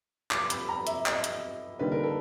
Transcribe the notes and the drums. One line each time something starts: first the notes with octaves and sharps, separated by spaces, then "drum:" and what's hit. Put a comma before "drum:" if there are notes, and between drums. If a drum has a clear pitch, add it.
D6, drum: clap
B5, drum: hi-hat
A#5
E5, drum: hi-hat
D#5, drum: clap
drum: hi-hat
D3 G3 A#3 D#4 B4
A#4
A4